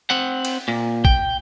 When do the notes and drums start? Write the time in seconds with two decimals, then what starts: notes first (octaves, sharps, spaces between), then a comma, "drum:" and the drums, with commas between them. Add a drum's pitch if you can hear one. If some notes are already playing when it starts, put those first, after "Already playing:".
0.10 C4 F#5
0.45 drum: cymbal
0.68 A#2
1.05 G5, drum: kick